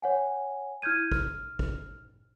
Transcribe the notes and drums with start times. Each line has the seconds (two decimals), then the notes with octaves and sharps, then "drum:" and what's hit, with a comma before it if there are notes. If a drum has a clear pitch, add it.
0.02 C#5 F#5 G#5
0.82 E4 F6 G6 G#6 D#7
1.12 F6, drum: kick
1.59 drum: kick